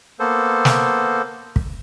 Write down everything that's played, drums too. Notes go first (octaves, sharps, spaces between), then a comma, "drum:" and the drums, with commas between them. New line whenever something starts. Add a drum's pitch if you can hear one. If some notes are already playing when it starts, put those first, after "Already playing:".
A#3 B3 A4 C5
drum: snare
drum: kick